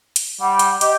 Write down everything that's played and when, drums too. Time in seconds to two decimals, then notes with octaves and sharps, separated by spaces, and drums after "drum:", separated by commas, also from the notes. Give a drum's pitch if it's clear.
0.16 drum: hi-hat
0.41 G3 F#5
0.59 drum: hi-hat
0.81 G4 D#5, drum: hi-hat